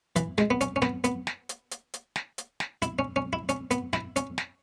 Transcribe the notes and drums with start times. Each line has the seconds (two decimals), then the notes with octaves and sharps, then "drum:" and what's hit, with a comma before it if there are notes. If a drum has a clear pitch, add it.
0.16 E3, drum: hi-hat
0.38 G#3, drum: snare
0.51 B3
0.61 C#4, drum: hi-hat
0.76 C#4
0.82 B3, drum: snare
1.04 B3, drum: hi-hat
1.27 drum: snare
1.49 drum: hi-hat
1.71 drum: hi-hat
1.94 drum: hi-hat
2.16 drum: snare
2.38 drum: hi-hat
2.60 drum: snare
2.82 E4, drum: hi-hat
2.99 C#4
3.16 C#4
3.33 E4
3.49 C#4, drum: hi-hat
3.71 B3, drum: hi-hat
3.93 E4, drum: snare
4.16 C#4, drum: hi-hat
4.38 drum: snare